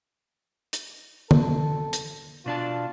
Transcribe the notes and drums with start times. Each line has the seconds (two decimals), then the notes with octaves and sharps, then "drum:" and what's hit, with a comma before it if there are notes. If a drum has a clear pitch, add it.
0.73 drum: hi-hat
1.31 A4, drum: tom
1.93 drum: hi-hat
2.46 B2 D4 F4 A5